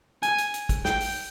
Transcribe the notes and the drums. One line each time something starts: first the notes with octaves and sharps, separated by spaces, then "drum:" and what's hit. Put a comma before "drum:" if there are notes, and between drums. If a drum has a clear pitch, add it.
G#5, drum: hi-hat
drum: hi-hat
drum: hi-hat
drum: kick, hi-hat
G5, drum: snare
drum: open hi-hat